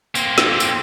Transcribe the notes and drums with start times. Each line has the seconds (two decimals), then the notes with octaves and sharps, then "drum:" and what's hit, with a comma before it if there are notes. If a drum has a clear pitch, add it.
0.15 A#3 C4, drum: tambourine
0.38 drum: snare
0.60 drum: tambourine